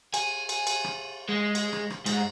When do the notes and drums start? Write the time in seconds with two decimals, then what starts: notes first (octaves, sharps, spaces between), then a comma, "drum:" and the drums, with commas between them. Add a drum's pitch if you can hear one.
0.14 G#5, drum: cymbal
0.49 drum: cymbal
0.67 drum: cymbal
0.84 drum: rim click
1.29 G#3
1.55 drum: cymbal
1.73 drum: rim click
1.90 drum: rim click
2.06 G#2, drum: cymbal